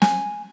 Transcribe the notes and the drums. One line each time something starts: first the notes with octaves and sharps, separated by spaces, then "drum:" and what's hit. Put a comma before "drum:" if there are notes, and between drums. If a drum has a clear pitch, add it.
G#5, drum: snare